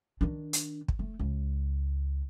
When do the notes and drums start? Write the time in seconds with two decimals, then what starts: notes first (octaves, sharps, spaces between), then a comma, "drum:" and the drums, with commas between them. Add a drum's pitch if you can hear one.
0.21 D#3 D4
0.53 drum: hi-hat
0.88 drum: kick
0.99 A3
1.19 C#2